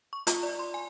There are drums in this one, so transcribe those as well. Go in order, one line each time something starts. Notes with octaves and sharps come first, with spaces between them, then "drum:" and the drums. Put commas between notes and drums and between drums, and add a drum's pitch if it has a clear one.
C#6
F4, drum: hi-hat
D5
C6
G#5